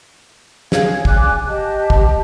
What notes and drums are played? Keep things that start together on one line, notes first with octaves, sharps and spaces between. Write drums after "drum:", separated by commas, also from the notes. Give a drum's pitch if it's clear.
C#4 G#4 F5 G#6, drum: snare
D5 G#5 D6 F#6, drum: kick
G4 D#5 A5
drum: kick